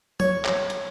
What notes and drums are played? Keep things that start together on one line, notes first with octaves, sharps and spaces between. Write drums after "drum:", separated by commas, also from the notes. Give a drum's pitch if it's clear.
C#5, drum: tom
drum: clap
drum: hi-hat